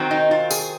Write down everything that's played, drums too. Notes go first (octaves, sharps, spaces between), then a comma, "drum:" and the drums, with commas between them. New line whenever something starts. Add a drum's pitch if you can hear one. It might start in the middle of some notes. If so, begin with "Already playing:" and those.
Already playing: D#3 F#3 C4
D#4
F4
G#4, drum: tambourine